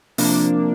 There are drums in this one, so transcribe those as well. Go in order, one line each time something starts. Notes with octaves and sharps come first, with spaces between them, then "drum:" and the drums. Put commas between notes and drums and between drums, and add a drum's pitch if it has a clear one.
C3 F3 A#3 D4, drum: open hi-hat